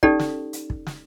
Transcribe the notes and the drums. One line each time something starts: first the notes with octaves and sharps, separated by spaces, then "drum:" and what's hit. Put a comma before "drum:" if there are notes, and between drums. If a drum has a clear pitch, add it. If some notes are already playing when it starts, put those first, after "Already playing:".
C#4 D#4 G4 A4 D5, drum: kick
drum: snare
drum: hi-hat
drum: kick
drum: snare